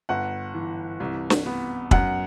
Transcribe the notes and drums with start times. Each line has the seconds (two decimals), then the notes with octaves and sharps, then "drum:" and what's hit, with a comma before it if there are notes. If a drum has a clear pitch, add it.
0.09 G1 F#5
0.54 E3
1.00 C2
1.30 drum: snare
1.46 B3
1.91 F#2 F#5, drum: kick